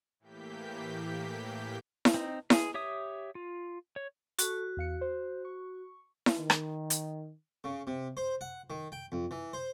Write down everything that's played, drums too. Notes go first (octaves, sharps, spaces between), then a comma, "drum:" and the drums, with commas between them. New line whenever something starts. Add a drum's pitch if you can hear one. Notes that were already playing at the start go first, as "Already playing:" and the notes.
A2 E3 A#3 G4 G6 B6
drum: snare E4
C4 D#4
G#4, drum: snare E4
G4 C#5 E5 D#6
F4
C#5
F#4 A4 C#6, drum: hi-hat
E2 F5 C#7
C5
C#6
drum: snare E4
D#3
drum: rim click
drum: hi-hat
C#3
C3
C5
F#5
D#3
G5
F2
E3
C5